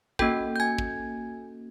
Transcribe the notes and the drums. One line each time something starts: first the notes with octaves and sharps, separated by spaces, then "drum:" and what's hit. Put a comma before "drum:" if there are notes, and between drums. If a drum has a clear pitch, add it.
A#3 C#4 F#4 A4 G5 G6, drum: kick
G6
G#5 G#6
drum: kick